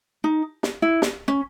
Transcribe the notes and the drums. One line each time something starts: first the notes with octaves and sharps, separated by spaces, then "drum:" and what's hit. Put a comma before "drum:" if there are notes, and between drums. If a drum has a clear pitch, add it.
D#4
drum: snare
E4
drum: snare
C#4